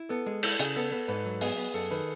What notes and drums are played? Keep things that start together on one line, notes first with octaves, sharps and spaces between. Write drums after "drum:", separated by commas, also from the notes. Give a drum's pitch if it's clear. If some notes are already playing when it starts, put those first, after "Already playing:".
Already playing: E4
B3 A4
G#3
E4 A4, drum: cymbal
C#3 G#4, drum: hi-hat
B3 A4
B3
G#2 B4
F#3
B3 G#4, drum: open hi-hat
B3
F#2 A4
D#3 B4